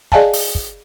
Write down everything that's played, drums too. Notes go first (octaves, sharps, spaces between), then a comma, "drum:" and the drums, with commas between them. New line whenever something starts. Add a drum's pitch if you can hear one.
G#4 D5 D#5 F5 G#5 A5, drum: kick
drum: open hi-hat
drum: kick